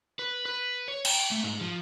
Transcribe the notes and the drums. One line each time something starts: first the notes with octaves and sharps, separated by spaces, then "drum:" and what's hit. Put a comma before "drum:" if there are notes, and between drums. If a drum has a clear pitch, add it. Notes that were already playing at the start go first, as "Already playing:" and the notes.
B4
B4
C#5
G5, drum: cymbal
A3
G#2
F3